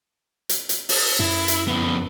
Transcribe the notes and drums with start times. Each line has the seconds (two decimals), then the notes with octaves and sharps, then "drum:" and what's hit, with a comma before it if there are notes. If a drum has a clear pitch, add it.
0.49 drum: hi-hat
0.69 drum: hi-hat
0.89 drum: open hi-hat
1.20 F#2 E4
1.48 drum: hi-hat
1.68 F2 B3